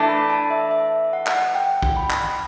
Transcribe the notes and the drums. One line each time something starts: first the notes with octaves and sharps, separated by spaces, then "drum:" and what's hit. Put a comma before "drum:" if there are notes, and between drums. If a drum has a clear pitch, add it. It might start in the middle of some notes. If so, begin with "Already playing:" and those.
Already playing: E3 A3 D4
B5
A5
E5
E5
F#5
drum: clap
G5
drum: kick
B5
drum: clap